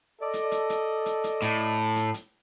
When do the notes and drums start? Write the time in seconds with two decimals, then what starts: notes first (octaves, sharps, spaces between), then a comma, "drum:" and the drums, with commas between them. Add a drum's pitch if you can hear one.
0.21 A4 D5 D#5
0.33 drum: hi-hat
0.52 drum: hi-hat
0.70 drum: hi-hat
1.06 drum: hi-hat
1.24 drum: hi-hat
1.42 A2, drum: hi-hat
1.96 drum: hi-hat
2.14 drum: hi-hat